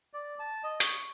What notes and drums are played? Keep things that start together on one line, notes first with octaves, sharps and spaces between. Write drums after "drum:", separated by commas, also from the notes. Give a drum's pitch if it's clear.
D5
A5
D#5
C#6, drum: hi-hat